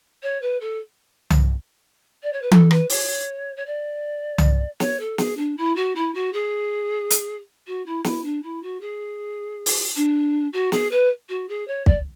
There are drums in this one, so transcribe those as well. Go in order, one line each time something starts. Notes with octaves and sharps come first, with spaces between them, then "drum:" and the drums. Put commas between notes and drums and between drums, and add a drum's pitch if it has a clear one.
C#5
B4
A4
drum: tom C2
D5
C#5
B4
A4, drum: tom E3
B4, drum: rim click
C#5, drum: open hi-hat
C#5
D5
drum: tom C2
C#5, drum: snare
A4
G#4, drum: snare
D4
E4
F#4
E4
F#4
G#4
drum: hi-hat
F#4
E4
E4, drum: snare
D4
E4
F#4
G#4
drum: open hi-hat
D4
F#4
G#4, drum: snare
B4
F#4
G#4
C#5
D5, drum: kick